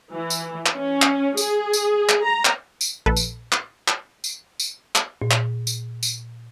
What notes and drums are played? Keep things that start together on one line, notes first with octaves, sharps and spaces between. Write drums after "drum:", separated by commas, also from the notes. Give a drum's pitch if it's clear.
E3
drum: tambourine
drum: clap
C#4
drum: clap
G#4, drum: tambourine
drum: tambourine
drum: clap
A#5
drum: clap
drum: tambourine
A#1 A4 B4
drum: tambourine
drum: clap
drum: clap
drum: tambourine
drum: tambourine
drum: clap
A#2
drum: clap
drum: tambourine
drum: tambourine